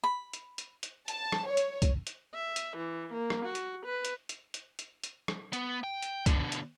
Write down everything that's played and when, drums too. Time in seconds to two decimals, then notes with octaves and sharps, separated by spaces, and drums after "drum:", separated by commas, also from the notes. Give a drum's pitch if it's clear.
0.04 B5
0.33 drum: hi-hat
0.58 drum: hi-hat
0.83 drum: hi-hat
1.08 A5, drum: hi-hat
1.32 drum: rim click
1.47 C#5
1.57 drum: hi-hat
1.82 drum: kick, hi-hat
2.07 drum: hi-hat
2.34 E5
2.56 drum: hi-hat
2.77 E3
3.13 A#3
3.30 drum: rim click
3.46 F#4
3.55 drum: hi-hat
3.86 B4
4.05 drum: hi-hat
4.29 drum: hi-hat
4.54 drum: hi-hat
4.79 drum: hi-hat
5.04 drum: hi-hat
5.28 drum: rim click
5.53 B3, drum: hi-hat
5.84 G5
6.02 drum: hi-hat
6.26 B2 D3, drum: kick, hi-hat
6.52 drum: hi-hat